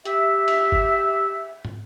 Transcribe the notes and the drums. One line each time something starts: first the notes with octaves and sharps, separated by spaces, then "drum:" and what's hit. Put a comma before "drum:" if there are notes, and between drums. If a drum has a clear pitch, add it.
G4 E5, drum: hi-hat
drum: cymbal
drum: kick
drum: tom